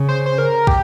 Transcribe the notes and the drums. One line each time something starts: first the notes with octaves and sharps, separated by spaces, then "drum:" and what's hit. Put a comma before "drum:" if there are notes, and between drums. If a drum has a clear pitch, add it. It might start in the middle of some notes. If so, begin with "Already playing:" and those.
Already playing: C#3
C5
C5
A#4
G4, drum: kick